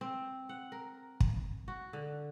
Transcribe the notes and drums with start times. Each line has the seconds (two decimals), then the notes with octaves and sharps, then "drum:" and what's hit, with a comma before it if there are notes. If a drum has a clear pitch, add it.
0.01 C4
0.49 F#5
0.72 A#4
1.20 drum: kick
1.68 F#4
1.93 D3